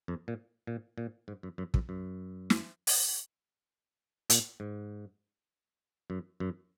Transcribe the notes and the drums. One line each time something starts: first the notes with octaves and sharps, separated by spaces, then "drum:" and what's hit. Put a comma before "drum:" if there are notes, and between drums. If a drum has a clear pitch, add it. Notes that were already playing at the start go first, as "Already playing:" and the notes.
F2
A#2
A#2
A#2
G#2
F#2
F#2
F#2, drum: kick
F#2
drum: snare
drum: open hi-hat
A#2, drum: hi-hat
G#2
F#2
F#2